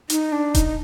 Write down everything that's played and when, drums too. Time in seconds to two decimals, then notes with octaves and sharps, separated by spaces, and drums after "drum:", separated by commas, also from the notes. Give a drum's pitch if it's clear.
0.10 D#4, drum: hi-hat
0.32 D4
0.55 D#4, drum: kick D#1, hi-hat